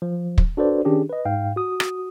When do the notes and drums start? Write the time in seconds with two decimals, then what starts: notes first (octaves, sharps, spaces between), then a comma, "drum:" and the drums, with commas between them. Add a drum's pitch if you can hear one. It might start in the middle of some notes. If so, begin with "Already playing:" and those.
0.02 F3
0.38 drum: kick
0.57 D4 F#4 A4 B4 C5 D5
0.85 D#3 C#4 D4 G4 G#4
1.10 B4 D#5
1.25 G#2 F5 G5
1.56 F#4 D#6
1.80 drum: rim click